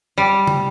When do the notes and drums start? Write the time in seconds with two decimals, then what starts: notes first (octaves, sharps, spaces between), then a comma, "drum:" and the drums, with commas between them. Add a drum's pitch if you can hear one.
0.17 G3
0.47 drum: tom